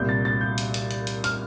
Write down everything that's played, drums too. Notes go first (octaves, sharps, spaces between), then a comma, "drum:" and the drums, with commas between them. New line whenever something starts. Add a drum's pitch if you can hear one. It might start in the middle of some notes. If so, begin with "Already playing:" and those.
Already playing: C2 A#2 G6
A6
A6
G6
drum: hi-hat
drum: hi-hat
drum: hi-hat
drum: hi-hat
F6, drum: hi-hat